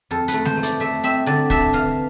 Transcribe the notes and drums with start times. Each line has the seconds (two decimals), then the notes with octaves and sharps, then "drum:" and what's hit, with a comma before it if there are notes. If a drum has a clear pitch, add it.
0.11 F2 A4
0.28 B4, drum: hi-hat
0.33 A3
0.45 C5, drum: snare G#3
0.57 A3
0.63 D5, drum: hi-hat
0.80 A3 E5
1.03 C4 E5
1.26 D3 D5
1.50 D4 E5, drum: kick
1.73 E3 F5